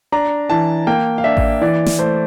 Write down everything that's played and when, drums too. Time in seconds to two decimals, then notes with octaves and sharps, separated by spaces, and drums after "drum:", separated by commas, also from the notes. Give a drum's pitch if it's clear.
0.12 D4 A#5
0.50 E3 A5
0.87 A#3 G5
1.18 F5
1.24 D4 E5
1.37 drum: kick A1
1.61 E3 D5
1.86 drum: snare
1.99 A3 C5